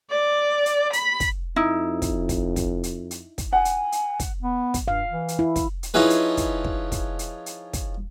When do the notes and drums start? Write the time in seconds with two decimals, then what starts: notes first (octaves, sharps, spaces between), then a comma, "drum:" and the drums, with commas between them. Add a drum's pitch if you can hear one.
0.10 D5
0.66 drum: hi-hat
0.93 B5, drum: hi-hat
1.20 drum: kick, hi-hat
1.56 F2 D#4 E4
2.02 drum: kick, hi-hat
2.29 drum: kick, hi-hat
2.56 drum: kick, hi-hat
2.83 drum: hi-hat
3.11 drum: hi-hat
3.38 drum: kick, hi-hat
3.53 F#5 G#5
3.65 drum: hi-hat
3.92 drum: hi-hat
4.20 drum: kick, hi-hat
4.42 B3
4.74 drum: kick, hi-hat
4.88 G2 F5
5.11 E3
5.28 drum: hi-hat
5.39 E4
5.56 drum: kick, hi-hat
5.83 drum: hi-hat
5.94 F3 C#4 D#4 E4 G#4 B4
6.10 drum: hi-hat
6.37 drum: kick, hi-hat
6.65 drum: kick
6.92 drum: kick, hi-hat
7.19 drum: hi-hat
7.46 drum: hi-hat
7.73 drum: kick, hi-hat